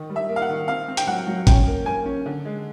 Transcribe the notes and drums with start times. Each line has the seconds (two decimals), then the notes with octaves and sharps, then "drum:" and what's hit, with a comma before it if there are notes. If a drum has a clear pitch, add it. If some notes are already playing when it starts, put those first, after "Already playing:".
Already playing: D#3
0.10 G3
0.16 E5
0.29 A#3
0.36 F5
0.42 F#5
0.49 D#3
0.68 C4 F5
0.88 C4
0.97 G5, drum: hi-hat
1.07 F#3 F#5
1.27 F#3
1.47 C#4 G5, drum: kick G#1, hi-hat
1.67 A#3
1.86 A#3 G#5
2.06 C#4
2.26 D3
2.45 G#3